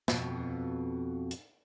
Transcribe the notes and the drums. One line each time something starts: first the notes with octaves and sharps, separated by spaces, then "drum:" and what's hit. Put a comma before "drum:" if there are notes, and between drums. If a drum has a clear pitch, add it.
F2 B2, drum: snare
drum: hi-hat